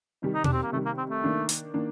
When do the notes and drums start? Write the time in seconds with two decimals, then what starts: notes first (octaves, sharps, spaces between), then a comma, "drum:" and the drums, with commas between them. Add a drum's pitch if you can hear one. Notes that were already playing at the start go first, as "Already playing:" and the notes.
0.22 C3 D#3 G3
0.35 D#4
0.44 D4, drum: tom B2
0.53 C4
0.63 A#3
0.72 C3 D#3 G3 A3
0.86 A#3
0.98 C4
1.10 A3
1.24 D#3 A#3 D4
1.49 drum: hi-hat
1.74 D#3 A#3 D4